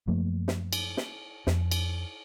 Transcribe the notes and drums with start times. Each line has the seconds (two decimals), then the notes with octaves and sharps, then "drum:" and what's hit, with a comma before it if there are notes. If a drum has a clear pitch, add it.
0.07 F#2 F3 A3 A#3
0.48 drum: snare
0.73 drum: cymbal
0.97 drum: snare
1.47 F2, drum: snare
1.71 drum: cymbal